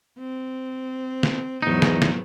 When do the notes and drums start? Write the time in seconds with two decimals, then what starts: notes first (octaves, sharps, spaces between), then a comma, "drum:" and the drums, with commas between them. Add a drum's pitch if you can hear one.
0.18 C4
1.23 drum: snare
1.62 E2 G#2 F#3 B3 D#4
1.82 drum: snare
2.02 drum: snare